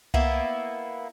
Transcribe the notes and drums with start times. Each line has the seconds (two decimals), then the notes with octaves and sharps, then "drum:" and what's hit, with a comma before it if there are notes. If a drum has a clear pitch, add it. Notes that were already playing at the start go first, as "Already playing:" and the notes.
0.14 A#3 B3 E4, drum: tom C2